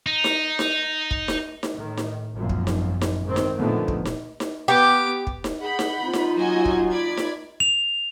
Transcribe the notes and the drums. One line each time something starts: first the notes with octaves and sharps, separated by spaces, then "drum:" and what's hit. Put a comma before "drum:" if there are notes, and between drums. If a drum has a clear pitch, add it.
D#4
drum: snare D#4
drum: snare D#4
drum: kick
drum: snare D#4
drum: snare D#4
A2 D#3
drum: snare D#4
G#1 F#2 A#2 F3
drum: kick
drum: snare D#4
drum: snare D#4
G#2 D#3 C4
drum: snare D#4
A#2 D3 D#3 F3 A3 B3
drum: kick
drum: snare D#4
drum: snare D#4
B3 G4 D6
drum: kick
drum: snare D#4
G#4 F#5 B5 G6
drum: snare D#4
C4 D#4 F4
drum: snare D#4
F#3 F#4 D#5 G#5
drum: kick
D5 B5 G#6
drum: snare D#4
F7